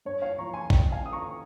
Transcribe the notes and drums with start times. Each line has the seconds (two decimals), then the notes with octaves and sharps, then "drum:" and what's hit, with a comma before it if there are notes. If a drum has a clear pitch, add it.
0.05 G2 C#5
0.22 C#5 F5
0.38 F3 A#5 C#6
0.54 G#5 C6
0.70 D#2 D#5 G5, drum: kick
0.92 F5 G#5
1.02 C#3 D#6
1.13 A#5 C#6